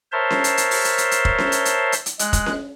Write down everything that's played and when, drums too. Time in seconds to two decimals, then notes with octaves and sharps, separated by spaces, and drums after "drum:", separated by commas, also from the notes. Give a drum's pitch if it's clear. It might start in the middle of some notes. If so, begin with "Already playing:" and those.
0.12 A#4 C5 C#5 E5 A5 C6
0.30 drum: snare C#4
0.44 drum: hi-hat
0.57 drum: hi-hat
0.71 drum: open hi-hat
0.84 drum: hi-hat
0.98 drum: hi-hat
1.11 drum: hi-hat
1.25 drum: kick
1.38 drum: snare C#4
1.52 drum: hi-hat
1.65 drum: hi-hat
1.92 drum: hi-hat
2.06 drum: hi-hat
2.19 G#3 F#6, drum: hi-hat
2.33 drum: kick, hi-hat
2.46 drum: snare C#4